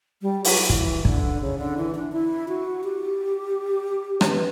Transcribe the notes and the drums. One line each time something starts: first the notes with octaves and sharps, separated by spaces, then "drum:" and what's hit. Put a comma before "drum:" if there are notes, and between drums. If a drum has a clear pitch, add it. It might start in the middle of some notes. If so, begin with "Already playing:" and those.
G3
F#3, drum: open hi-hat
E3, drum: kick
D3, drum: kick
C#3
D3
E3
D4
E4
F#4
G4
C#5, drum: rim click
B4